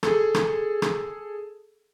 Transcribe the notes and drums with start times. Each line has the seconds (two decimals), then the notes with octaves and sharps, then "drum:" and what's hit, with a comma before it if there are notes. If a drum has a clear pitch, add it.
0.03 G#4 A4, drum: rim click
0.34 drum: rim click
0.82 drum: rim click